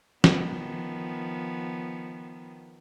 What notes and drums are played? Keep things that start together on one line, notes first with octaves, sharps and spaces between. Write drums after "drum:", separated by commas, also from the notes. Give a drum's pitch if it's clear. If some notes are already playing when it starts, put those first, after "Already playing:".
D#3 F3 B3, drum: snare